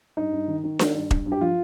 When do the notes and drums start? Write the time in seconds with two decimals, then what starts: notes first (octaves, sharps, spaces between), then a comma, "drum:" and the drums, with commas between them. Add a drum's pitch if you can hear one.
0.17 G2 D#4
0.32 G2
0.48 D#3
0.64 D#3
0.79 D#3, drum: snare D4
0.94 G2
1.11 G2, drum: kick E1
1.26 G2
1.32 G4
1.41 F3 F4